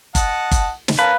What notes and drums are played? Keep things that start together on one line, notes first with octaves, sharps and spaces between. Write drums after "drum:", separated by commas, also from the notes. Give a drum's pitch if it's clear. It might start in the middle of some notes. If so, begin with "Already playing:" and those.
D#5 F#5 A5, drum: kick G1, hi-hat
drum: kick G1, hi-hat
drum: snare
C#4 A#4 B4 F5 A5